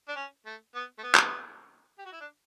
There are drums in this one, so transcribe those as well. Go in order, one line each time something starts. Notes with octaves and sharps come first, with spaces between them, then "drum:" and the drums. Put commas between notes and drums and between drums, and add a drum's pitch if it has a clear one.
D4
C#4
A3
B3
A3
B3
drum: clap
G4
F#4
E4
D4